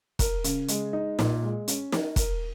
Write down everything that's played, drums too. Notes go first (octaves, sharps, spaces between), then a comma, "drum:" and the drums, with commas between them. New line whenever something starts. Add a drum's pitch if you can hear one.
A#4, drum: kick F1, hi-hat
C#3, drum: hi-hat
G#3, drum: hi-hat
D#4
A#2, drum: snare
G#3
C#4, drum: hi-hat
A#4, drum: snare
A#4, drum: kick F1, hi-hat